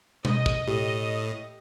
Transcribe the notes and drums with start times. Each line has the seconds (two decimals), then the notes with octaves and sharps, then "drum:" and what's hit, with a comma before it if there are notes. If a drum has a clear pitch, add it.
0.25 D#5, drum: tom B2
0.46 drum: kick
0.67 A2 G4